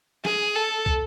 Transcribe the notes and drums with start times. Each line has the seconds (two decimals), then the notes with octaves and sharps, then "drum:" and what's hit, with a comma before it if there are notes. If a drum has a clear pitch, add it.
0.25 G#4, drum: snare
0.56 A4
0.86 drum: kick